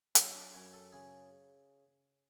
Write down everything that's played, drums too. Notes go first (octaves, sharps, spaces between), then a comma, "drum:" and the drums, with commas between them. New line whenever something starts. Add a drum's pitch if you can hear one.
F#3 C#4, drum: hi-hat
D4
F#2 C#5
A4
C#3 G#4